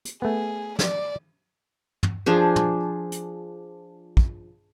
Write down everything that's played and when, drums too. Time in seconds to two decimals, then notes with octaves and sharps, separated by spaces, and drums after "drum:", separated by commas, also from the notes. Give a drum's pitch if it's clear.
0.05 drum: hi-hat
0.22 A3 B3 G#4
0.79 D5, drum: snare
2.03 drum: tom
2.26 F3 D4 G#4
2.56 drum: tom
3.12 drum: hi-hat
4.17 drum: kick